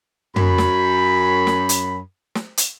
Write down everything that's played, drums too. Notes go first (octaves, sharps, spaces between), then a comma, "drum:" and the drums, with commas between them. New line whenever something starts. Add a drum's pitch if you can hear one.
F#2 B5, drum: tom
drum: snare
drum: snare
drum: hi-hat
drum: snare
drum: hi-hat